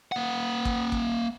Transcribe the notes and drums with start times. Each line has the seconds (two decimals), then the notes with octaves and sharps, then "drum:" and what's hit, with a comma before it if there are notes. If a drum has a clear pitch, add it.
0.12 A#3 F#5
0.65 drum: kick
0.92 drum: kick